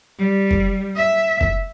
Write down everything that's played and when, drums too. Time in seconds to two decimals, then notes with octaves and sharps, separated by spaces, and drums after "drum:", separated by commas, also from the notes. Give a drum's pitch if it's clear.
0.19 G3
0.51 drum: kick
0.96 E5
1.41 drum: kick